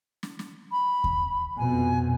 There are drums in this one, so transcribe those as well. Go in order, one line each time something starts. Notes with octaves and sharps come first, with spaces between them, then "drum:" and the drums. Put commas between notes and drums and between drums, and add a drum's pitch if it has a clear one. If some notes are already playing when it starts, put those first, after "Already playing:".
drum: snare
drum: snare
B5
drum: kick D#2
F2 B2 G#5